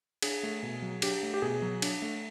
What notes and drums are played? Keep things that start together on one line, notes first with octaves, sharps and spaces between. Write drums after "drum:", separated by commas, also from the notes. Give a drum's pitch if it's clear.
D4 G#4, drum: cymbal
A3
B2
F#3
D4 G4, drum: cymbal
A3
G4
B2 G#4
F#3
D4, drum: cymbal
A3